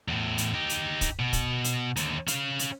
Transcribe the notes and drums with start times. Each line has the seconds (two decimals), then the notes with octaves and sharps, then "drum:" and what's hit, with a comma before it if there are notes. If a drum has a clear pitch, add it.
0.08 E2 A2
0.38 drum: hi-hat
0.54 D#4 G4
0.69 drum: hi-hat
1.01 drum: kick, hi-hat
1.19 B2
1.33 drum: kick, hi-hat
1.64 drum: hi-hat
1.96 D#2 D3, drum: hi-hat
2.28 C#4 F5, drum: hi-hat
2.59 drum: hi-hat